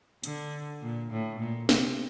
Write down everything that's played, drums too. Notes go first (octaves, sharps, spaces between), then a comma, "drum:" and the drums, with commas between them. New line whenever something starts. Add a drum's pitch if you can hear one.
D3, drum: hi-hat
A#2
A2
A#2
C3, drum: snare